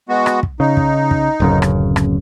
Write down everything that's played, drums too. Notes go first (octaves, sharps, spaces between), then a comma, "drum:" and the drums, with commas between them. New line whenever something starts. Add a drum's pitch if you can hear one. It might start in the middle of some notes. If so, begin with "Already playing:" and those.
G#3 B3 F#4
drum: rim click
drum: kick
C#3 D#4
drum: kick
drum: kick
D1 F#2 C#3
drum: rim click
drum: rim click